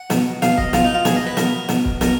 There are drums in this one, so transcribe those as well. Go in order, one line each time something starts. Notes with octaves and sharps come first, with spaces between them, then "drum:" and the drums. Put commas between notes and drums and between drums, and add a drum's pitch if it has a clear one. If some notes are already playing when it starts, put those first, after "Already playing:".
Already playing: F#5
B2, drum: snare
B2 F5, drum: snare
D#5, drum: kick
B2 F4, drum: snare
D#4
F4
B2 G#4, drum: snare
D#5
B4
B2 A#4, drum: snare
B2, drum: snare
drum: kick
B2 A#4, drum: snare